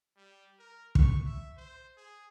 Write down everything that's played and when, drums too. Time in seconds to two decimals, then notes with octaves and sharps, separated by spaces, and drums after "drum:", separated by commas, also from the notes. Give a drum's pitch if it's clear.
0.17 G3
0.59 A#4
0.95 C#6, drum: kick
1.26 E5
1.57 C5
1.97 G#4